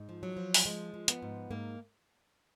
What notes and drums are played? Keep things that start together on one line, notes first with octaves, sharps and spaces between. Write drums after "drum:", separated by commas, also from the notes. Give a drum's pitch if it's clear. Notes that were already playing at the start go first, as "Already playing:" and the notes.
Already playing: G#2
F3
F#3
F3
drum: open hi-hat
F3 G#3
F3
B3, drum: hi-hat
G#2
G#2 A#3